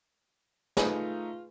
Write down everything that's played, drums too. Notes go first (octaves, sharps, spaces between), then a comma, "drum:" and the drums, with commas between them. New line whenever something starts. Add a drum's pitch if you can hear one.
A3 D#4 F4 G#4 B4, drum: snare